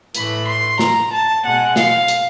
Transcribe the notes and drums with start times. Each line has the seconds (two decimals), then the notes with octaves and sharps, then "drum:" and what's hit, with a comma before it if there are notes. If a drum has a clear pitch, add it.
0.15 A2 E3 A3 B5, drum: hi-hat
0.47 C6
0.79 A#5, drum: snare
1.12 A5
1.44 B2 G#3 F#5
1.76 F5, drum: snare
2.08 drum: hi-hat